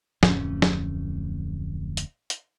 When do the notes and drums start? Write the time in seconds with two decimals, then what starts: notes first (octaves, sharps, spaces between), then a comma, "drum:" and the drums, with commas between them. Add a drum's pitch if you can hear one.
0.23 D1 F2 A2 C#4, drum: snare
0.62 drum: snare
1.97 drum: hi-hat
2.30 drum: hi-hat